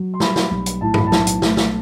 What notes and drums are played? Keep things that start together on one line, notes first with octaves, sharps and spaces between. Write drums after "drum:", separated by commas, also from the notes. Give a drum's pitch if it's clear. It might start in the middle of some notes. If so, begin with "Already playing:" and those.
Already playing: F#3
C6
G3 B5, drum: snare
drum: snare
B1
drum: hi-hat
A2 A5
B5, drum: tom G2
A5
B1, drum: snare
drum: hi-hat
A3, drum: snare
drum: snare